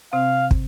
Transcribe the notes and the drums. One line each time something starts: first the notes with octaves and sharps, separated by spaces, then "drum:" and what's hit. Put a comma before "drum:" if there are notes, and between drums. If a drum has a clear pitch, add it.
C3 C4 F5
drum: kick